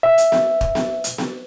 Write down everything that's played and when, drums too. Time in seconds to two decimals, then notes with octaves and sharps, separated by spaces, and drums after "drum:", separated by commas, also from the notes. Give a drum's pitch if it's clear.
0.03 E5
0.18 drum: hi-hat
0.32 drum: snare B3
0.61 drum: kick
0.75 drum: snare B3
1.04 drum: hi-hat
1.18 drum: snare B3